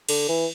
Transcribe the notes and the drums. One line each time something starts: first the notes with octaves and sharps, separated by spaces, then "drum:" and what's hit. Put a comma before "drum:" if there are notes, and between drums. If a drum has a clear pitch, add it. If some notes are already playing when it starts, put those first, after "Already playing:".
D3, drum: cymbal
E3